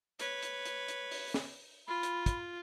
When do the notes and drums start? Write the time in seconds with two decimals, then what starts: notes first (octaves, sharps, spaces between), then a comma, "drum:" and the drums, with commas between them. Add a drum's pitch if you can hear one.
0.19 B4 C#5, drum: hi-hat
0.42 drum: hi-hat
0.65 drum: hi-hat
0.88 drum: hi-hat
1.11 drum: open hi-hat
1.34 drum: snare
1.88 F4 B5
2.03 drum: hi-hat
2.26 drum: kick, hi-hat